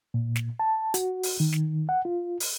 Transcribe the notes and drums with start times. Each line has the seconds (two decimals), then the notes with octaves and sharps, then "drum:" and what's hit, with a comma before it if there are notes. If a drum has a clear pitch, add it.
0.14 A#2
0.36 drum: snare
0.60 A5
0.94 F#4, drum: hi-hat
1.23 drum: open hi-hat
1.40 D#3
1.52 drum: snare
1.89 F#5
2.05 F4
2.40 drum: open hi-hat